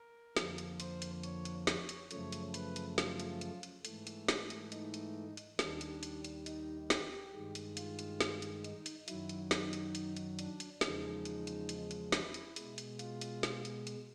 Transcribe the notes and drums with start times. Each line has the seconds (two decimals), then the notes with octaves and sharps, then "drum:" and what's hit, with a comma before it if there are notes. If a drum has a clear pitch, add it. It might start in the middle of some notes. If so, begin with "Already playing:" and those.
Already playing: A#4
0.37 F2 D3 F3 A#3, drum: snare
0.58 drum: hi-hat
0.80 C5, drum: hi-hat
1.02 drum: hi-hat
1.23 C#5, drum: hi-hat
1.45 drum: hi-hat
1.67 C#5, drum: snare
1.89 drum: hi-hat
2.11 F#2 C#3 F3 A3 C#5, drum: hi-hat
2.32 drum: hi-hat
2.54 B4, drum: hi-hat
2.76 drum: hi-hat
2.98 F4, drum: snare
3.20 drum: hi-hat
3.41 drum: hi-hat
3.63 drum: hi-hat
3.85 G#2 E3 A3, drum: hi-hat
4.07 drum: hi-hat
4.28 drum: snare
4.50 drum: hi-hat
4.72 D#4, drum: hi-hat
4.94 drum: hi-hat
5.37 drum: hi-hat
5.59 D#2 D#3 G3 D4, drum: snare
5.81 drum: hi-hat
6.03 drum: hi-hat
6.24 drum: hi-hat
6.46 D#4, drum: hi-hat
6.90 G4, drum: snare
7.34 G2 D#3 G#3
7.55 drum: hi-hat
7.77 F4, drum: hi-hat
7.99 drum: hi-hat
8.21 drum: snare
8.42 drum: hi-hat
8.64 D#4, drum: hi-hat
8.86 drum: hi-hat
9.08 F#2 D#3 F#3 E4, drum: hi-hat
9.29 drum: hi-hat
9.51 D#4, drum: snare
9.73 drum: hi-hat
9.95 drum: hi-hat
10.17 drum: hi-hat
10.39 D4, drum: hi-hat
10.60 drum: hi-hat
10.81 E2 C#3 F3 G#3 D#4, drum: snare
11.25 drum: hi-hat
11.47 drum: hi-hat
11.69 drum: hi-hat
11.91 drum: hi-hat
12.12 E4, drum: snare
12.34 drum: hi-hat
12.56 B2 G#3, drum: hi-hat
12.78 drum: hi-hat
12.99 F4, drum: hi-hat
13.21 drum: hi-hat
13.43 drum: snare
13.65 drum: hi-hat
13.87 drum: hi-hat